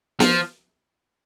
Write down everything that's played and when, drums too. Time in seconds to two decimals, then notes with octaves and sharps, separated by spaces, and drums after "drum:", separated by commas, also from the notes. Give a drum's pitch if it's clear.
0.20 F3, drum: snare